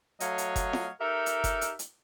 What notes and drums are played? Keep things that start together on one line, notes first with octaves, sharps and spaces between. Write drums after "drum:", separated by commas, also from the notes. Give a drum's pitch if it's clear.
F#3 A3 C#5 D#5 F5, drum: hi-hat
drum: hi-hat
drum: kick F#1, hi-hat
drum: snare F4
D#4 G4 A4 A#4 E5
drum: hi-hat
drum: kick F#1, hi-hat
drum: hi-hat
drum: hi-hat